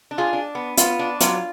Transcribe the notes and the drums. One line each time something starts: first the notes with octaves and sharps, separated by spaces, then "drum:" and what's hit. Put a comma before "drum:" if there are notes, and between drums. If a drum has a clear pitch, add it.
D4
F4 G#4
D4
B3
B3 F4, drum: hi-hat
D4
F#3 F4, drum: hi-hat